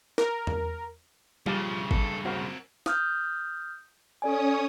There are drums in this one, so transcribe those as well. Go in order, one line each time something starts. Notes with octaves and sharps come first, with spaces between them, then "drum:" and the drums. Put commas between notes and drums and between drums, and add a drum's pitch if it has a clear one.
A#4, drum: snare
drum: tom E2
G2 C#3 F3 G4 F5 A5, drum: tom G3
A4, drum: kick G#1
C4 F#4 A#4 C5 F5
D#6 F6 G6, drum: snare
C#4 A4 C#5 D5 G#5 D#6